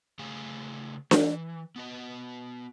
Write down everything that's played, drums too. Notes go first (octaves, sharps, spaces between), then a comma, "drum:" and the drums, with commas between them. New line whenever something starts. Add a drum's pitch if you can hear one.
C#3 A3 G#4 F5 G#5
E3, drum: snare D4
B3 F#4 D#5